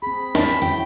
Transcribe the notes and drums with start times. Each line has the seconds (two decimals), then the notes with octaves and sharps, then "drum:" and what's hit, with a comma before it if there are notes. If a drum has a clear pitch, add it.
0.02 C4 G#4 B5
0.35 C#4 A5, drum: snare
0.62 C#4 E4 F#4 G5